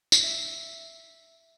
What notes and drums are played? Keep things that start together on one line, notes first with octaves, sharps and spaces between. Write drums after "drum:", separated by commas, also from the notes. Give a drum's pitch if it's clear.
drum: tambourine
E5